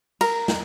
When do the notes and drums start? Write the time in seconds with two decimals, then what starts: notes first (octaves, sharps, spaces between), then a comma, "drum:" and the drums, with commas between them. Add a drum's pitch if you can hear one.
0.21 A#4, drum: cymbal
0.48 drum: snare